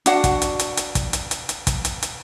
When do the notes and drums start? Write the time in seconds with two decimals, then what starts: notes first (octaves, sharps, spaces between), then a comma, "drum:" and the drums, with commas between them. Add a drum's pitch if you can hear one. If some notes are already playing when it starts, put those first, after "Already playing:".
0.06 D4 F#4 F#5, drum: hi-hat
0.24 drum: kick, hi-hat
0.42 drum: hi-hat
0.59 drum: hi-hat
0.77 drum: hi-hat
0.95 drum: kick, hi-hat
1.13 drum: hi-hat
1.31 drum: hi-hat
1.49 drum: hi-hat
1.67 drum: kick, hi-hat
1.85 drum: hi-hat
2.03 drum: hi-hat